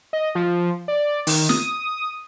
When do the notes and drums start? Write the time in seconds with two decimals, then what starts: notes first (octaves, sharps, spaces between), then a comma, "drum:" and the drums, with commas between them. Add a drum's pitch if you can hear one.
0.13 D#5
0.35 F3
0.88 D5
1.27 D#3, drum: open hi-hat
1.49 D#6, drum: snare